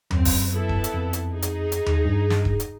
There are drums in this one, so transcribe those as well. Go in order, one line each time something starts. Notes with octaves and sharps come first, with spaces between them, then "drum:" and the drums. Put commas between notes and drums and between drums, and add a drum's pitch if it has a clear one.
F#2 C4, drum: tom D#2
drum: kick D#1, open hi-hat
B3 E4 A4
drum: kick D#1
drum: hi-hat
F2
drum: hi-hat
D#4 G#4
drum: hi-hat
drum: hi-hat
drum: tom D#2
G2
drum: snare
drum: kick D#1
drum: hi-hat